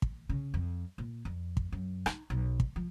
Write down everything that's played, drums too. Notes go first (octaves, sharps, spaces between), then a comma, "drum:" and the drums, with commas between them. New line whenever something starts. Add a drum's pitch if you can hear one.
drum: kick
C#3
F2
A#2
F2
drum: kick
F#2
D#4, drum: rim click
B1
drum: kick
F3